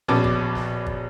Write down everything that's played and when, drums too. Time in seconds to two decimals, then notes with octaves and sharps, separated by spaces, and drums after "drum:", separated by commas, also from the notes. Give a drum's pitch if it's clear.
0.08 A#1 B2 C#4 A5 D6
0.24 drum: kick
0.55 drum: snare
0.86 drum: kick